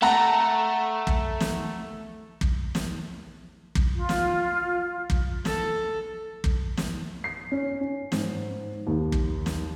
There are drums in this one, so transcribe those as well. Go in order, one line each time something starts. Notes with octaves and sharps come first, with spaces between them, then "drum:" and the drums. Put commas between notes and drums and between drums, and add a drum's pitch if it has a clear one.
A3 F#5 A5 A#5
drum: kick
drum: snare
drum: kick
drum: snare
drum: kick
F4
drum: snare
drum: kick
A4, drum: snare
drum: kick
drum: snare
C7
C#4
C#4
G#2, drum: snare
D#2
drum: kick
drum: snare